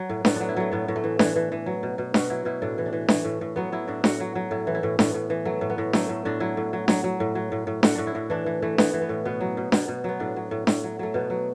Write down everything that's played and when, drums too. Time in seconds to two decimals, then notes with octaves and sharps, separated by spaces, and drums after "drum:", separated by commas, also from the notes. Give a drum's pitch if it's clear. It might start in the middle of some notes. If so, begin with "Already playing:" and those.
Already playing: F#3
0.09 A2
0.25 A2 B3, drum: snare D4
0.36 F#3 D4
0.49 E4
0.57 F#3 A3
0.72 A2 B3
0.88 A2
0.96 A3
1.04 E3
1.19 E3 D4, drum: snare D4
1.36 E3
1.52 E3
1.66 F#3
1.83 B2
1.98 B2
2.14 B2 F#4, drum: snare D4
2.30 F#3 E4
2.45 B2 E4
2.62 A2 D4
2.78 E3
2.86 D4
2.93 E3
3.08 E3 A3, drum: snare D4
3.25 A2
3.41 A2
3.56 F#3 B3
3.72 F#3 E4
3.88 A2 D4
4.04 A2 F#4, drum: snare D4
4.20 F#3
4.35 F#3
4.51 A2 E4
4.67 E3
4.75 E4
4.83 A2
4.99 A2 B3, drum: snare D4
5.14 A2
5.30 E3
5.45 F#3 A3
5.61 A2
5.70 B3
5.78 A2
5.93 F#3 A3, drum: snare D4
6.09 A2
6.25 A2 D4
6.40 F#3 E4
6.57 A2
6.73 F#3
6.88 F#3, drum: snare D4
7.04 F#3
7.20 A2
7.35 F#3
7.52 A2
7.67 A2
7.83 A2 F#4, drum: snare D4
7.95 A2 D4
8.07 E4
8.15 A2
8.30 E3 D4
8.46 E3
8.62 E3 A3
8.78 E3 B3, drum: snare D4
8.93 E3
9.02 B3
9.09 A2
9.25 B2 B3
9.41 F#3
9.57 B2
9.72 B2 B3, drum: snare D4
9.88 B2
10.04 F#3 B3
10.20 A2 D4
10.36 F#3
10.51 A2
10.67 A2, drum: snare D4
10.84 F#3
10.99 F#3 A3
11.14 B2 B3
11.30 F#3